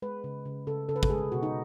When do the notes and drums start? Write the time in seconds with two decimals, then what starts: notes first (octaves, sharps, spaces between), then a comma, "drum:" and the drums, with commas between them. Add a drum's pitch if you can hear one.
0.02 G#3 B4
0.24 C#3
0.45 C#3
0.67 C#3 A4
0.89 C#3 A4
0.96 B4
1.03 A4, drum: kick
1.10 G#3 G#4
1.32 B2 F#4
1.43 D#4